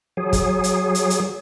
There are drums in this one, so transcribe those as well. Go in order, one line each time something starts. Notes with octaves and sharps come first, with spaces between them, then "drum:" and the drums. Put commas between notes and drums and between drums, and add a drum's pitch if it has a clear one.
F#3 G#4
drum: kick, hi-hat
drum: hi-hat
drum: hi-hat
drum: hi-hat